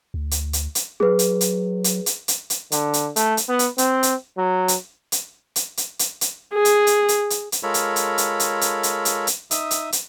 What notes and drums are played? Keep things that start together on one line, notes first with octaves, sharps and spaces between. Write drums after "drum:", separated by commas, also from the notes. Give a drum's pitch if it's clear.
D2
drum: hi-hat
drum: hi-hat
drum: hi-hat
F#3 G#4 B4
drum: hi-hat
drum: hi-hat
drum: hi-hat
drum: hi-hat
drum: hi-hat
drum: hi-hat
D3, drum: hi-hat
drum: hi-hat
A3, drum: hi-hat
drum: hi-hat
B3
drum: hi-hat
C4, drum: hi-hat
drum: hi-hat
F#3
drum: hi-hat
drum: hi-hat
drum: hi-hat
drum: hi-hat
drum: hi-hat
drum: hi-hat
G#4
drum: hi-hat
drum: hi-hat
drum: hi-hat
drum: hi-hat
drum: hi-hat
G#3 F4 A4 A#4 C#5 B5
drum: hi-hat
drum: hi-hat
drum: hi-hat
drum: hi-hat
drum: hi-hat
drum: hi-hat
drum: hi-hat
drum: hi-hat
D#4 E5 D#6, drum: hi-hat
drum: hi-hat
drum: hi-hat